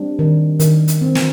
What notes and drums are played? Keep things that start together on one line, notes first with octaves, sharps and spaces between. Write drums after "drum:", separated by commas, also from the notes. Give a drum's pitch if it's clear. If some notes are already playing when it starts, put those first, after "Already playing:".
Already playing: G3 C4 D4
D#3
D#3, drum: hi-hat
drum: hi-hat
C4
drum: snare